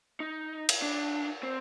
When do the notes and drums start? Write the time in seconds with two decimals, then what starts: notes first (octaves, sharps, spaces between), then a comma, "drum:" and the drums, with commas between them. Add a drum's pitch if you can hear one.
0.20 D#4
0.69 drum: cymbal
0.82 D4
1.43 C4